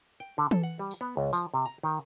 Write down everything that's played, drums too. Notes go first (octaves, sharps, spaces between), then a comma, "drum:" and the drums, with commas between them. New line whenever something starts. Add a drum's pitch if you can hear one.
G5
D3
A4, drum: tom E3
F#5
G3
drum: tambourine
B3
C#2
F3, drum: tambourine
C3
A#5
D#3